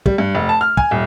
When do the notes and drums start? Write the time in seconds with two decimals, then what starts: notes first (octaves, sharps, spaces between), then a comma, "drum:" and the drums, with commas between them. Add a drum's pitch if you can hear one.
0.06 G3, drum: kick
0.18 G2
0.35 F1
0.49 A5
0.61 F6
0.77 G#5, drum: kick
0.91 D#1